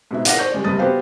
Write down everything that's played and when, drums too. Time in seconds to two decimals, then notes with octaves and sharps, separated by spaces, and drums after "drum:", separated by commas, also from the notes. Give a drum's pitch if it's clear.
0.11 G#2 B2 E5
0.25 G#1 F5 F#5 D6 A#6, drum: hi-hat
0.39 C5 D5 C#6 G6
0.52 G3 G#3 D5
0.64 F#1 G2 C3 D#6 A6
0.79 B3 F#4 G4 C5 F5